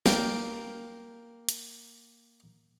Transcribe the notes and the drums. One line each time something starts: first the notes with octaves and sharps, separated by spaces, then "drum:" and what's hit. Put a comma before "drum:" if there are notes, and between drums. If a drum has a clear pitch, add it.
A#3 A#4 G5, drum: snare
drum: hi-hat